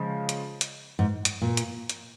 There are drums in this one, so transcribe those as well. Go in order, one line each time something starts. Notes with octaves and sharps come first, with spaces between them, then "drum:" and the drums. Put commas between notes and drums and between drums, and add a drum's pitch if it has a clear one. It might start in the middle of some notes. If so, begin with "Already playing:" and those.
Already playing: C#3 F3 G#3
drum: hi-hat
drum: hi-hat
G#2
drum: hi-hat
A#2
drum: hi-hat
drum: hi-hat